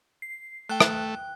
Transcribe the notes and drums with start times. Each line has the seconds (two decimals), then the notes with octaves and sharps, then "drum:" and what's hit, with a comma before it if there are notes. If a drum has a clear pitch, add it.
0.22 C7
0.70 A3 G5 F#6
0.80 drum: rim click